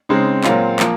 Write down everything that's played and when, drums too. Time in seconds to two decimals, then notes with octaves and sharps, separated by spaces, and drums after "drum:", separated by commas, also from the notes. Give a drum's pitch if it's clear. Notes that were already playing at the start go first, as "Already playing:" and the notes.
0.09 C#3 G#3 C4 D#4
0.44 A#2 F#3 C4 F4, drum: clap
0.79 F3 A#3, drum: clap